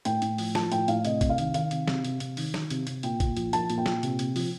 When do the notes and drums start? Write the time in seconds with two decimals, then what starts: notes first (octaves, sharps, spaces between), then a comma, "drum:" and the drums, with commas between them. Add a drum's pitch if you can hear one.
0.05 A2 G5, drum: hi-hat
0.22 A2, drum: hi-hat
0.38 F3, drum: open hi-hat
0.55 F3 A5, drum: snare
0.72 A2 G5, drum: hi-hat
0.88 A2 F5, drum: hi-hat
1.05 C3 D#5, drum: hi-hat
1.21 C3, drum: kick, hi-hat
1.29 F5
1.38 D#3, drum: hi-hat
1.54 D#3 F5, drum: hi-hat
1.71 C3, drum: hi-hat
1.88 C3, drum: snare
2.05 C3, drum: hi-hat
2.20 C3, drum: hi-hat
2.37 D#3, drum: open hi-hat
2.54 D#3, drum: snare
2.70 C3, drum: hi-hat
2.87 C3, drum: hi-hat
3.03 A#2 G5, drum: hi-hat
3.20 A#2, drum: kick, hi-hat
3.37 F3, drum: hi-hat
3.53 F3 A5, drum: hi-hat
3.70 A#2, drum: hi-hat
3.78 G5
3.86 A#2, drum: snare
4.03 C3, drum: hi-hat
4.19 C3, drum: hi-hat
4.36 F3, drum: open hi-hat